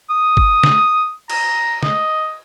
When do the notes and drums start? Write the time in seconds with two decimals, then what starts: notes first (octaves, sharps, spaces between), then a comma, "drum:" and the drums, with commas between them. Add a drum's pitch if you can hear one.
0.10 D#6
0.37 drum: kick
0.63 drum: snare
1.30 A#5, drum: cymbal
1.83 D#5, drum: snare